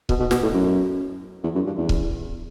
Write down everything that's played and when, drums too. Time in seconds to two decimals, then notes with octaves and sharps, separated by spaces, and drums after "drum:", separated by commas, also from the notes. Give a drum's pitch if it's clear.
0.09 B2, drum: kick C#1
0.20 B2
0.31 B2, drum: snare
0.43 A2
0.53 F#2
1.43 E2
1.55 F#2
1.66 G2
1.78 E2
1.89 drum: kick C#1